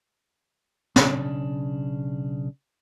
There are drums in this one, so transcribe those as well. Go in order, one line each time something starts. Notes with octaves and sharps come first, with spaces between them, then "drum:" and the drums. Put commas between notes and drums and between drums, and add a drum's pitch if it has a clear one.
B1 C#3 D4, drum: snare